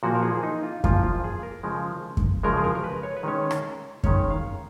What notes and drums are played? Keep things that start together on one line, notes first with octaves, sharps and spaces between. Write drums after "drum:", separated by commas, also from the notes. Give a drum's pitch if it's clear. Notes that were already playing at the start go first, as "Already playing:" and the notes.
A#2 F3 A#3 F#4
A#4
G#4
D#4
F4
A#2 F3 A#3 F4, drum: kick F#2
F4
G#4
A#4
C#3 F3 G#3
drum: kick F#2
C#3 F3 G#3 A#4
G#4
A#4
A#4
B4
C#5
B4
D#3 G#3 C#4 C#5
drum: rim click
D#3 G#3 C#4 C#5, drum: kick F#2
F5